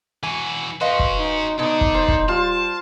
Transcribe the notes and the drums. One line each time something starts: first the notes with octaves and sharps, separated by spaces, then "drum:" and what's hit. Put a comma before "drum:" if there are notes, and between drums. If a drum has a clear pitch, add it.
E3 F#4 G#5
C#4 F#4 B4 D#5 F5 C6
drum: kick
D#4
B2 D#4 A4 D5
drum: kick
C5
drum: kick
G3 F4 A5